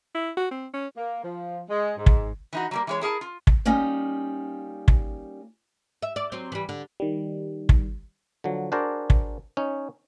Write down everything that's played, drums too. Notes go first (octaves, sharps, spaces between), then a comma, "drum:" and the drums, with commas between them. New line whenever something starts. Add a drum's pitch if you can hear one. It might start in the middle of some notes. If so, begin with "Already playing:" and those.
E4
F#4
C4
C#4
A#3
F3
G#3
G#2
drum: kick
E3 D#4 F#4
F#3 G3 A#3
E3 G#3 C#5
E4 G#4 A#4 A5
F4
drum: kick
G3 A#3 C#4 D#4
drum: kick
E5
D5
F#3 C4
E3 G3
D3
D#3 G3
drum: kick
D3 F3 F#3
D4 F#4 G#4 A#4 C5 D5
drum: kick
C#4 D#4 C#5